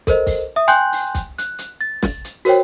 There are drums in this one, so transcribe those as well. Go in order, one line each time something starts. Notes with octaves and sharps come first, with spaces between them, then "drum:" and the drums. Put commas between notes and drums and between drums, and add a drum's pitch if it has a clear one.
A4 A#4 C5 D#5, drum: kick, hi-hat
drum: kick, open hi-hat
E5 D#6
G5 G#5 C6 F#6 G6 F#7, drum: hi-hat
drum: open hi-hat
drum: kick, hi-hat
F#6, drum: hi-hat
drum: hi-hat
A6
drum: snare
drum: hi-hat
F#4 A#4 C5 C#5 G5, drum: open hi-hat